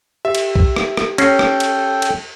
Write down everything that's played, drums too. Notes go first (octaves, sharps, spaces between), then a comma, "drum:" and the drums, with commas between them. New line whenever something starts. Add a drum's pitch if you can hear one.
G4 E5
drum: cymbal
drum: kick B1
drum: rim click
drum: rim click
C#4 A4 G5 A#6 C7, drum: cymbal
drum: rim click
drum: cymbal
drum: cymbal